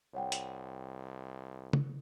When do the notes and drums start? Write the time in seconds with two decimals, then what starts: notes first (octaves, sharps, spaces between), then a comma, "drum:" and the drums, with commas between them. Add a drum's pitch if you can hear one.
0.14 C2 C#5 F#5 G5
0.32 drum: hi-hat
1.73 drum: tom